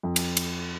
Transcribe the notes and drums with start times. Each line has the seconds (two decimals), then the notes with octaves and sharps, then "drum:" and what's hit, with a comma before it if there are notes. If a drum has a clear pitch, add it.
0.03 F2
0.16 drum: cymbal
0.37 drum: cymbal